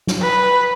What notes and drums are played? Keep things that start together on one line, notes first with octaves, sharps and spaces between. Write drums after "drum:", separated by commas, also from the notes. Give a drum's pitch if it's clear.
drum: snare
B4